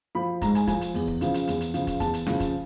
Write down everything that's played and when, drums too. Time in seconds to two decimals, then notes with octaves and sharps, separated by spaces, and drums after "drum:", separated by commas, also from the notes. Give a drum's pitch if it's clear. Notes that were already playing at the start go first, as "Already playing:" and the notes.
0.15 F3 B5
0.41 G#2 A#5, drum: kick, hi-hat
0.55 G#5, drum: hi-hat
0.67 F3 G#5, drum: kick, hi-hat
0.81 drum: hi-hat
0.94 E2, drum: open hi-hat
1.08 drum: kick
1.21 C#3 F3, drum: hi-hat
1.34 drum: hi-hat
1.47 E2, drum: hi-hat
1.61 drum: hi-hat
1.74 C#3 F3, drum: hi-hat
1.87 drum: kick, hi-hat
2.00 E2 A5, drum: kick, hi-hat
2.14 drum: hi-hat
2.26 C#3 F3, drum: snare C#4
2.40 drum: kick, hi-hat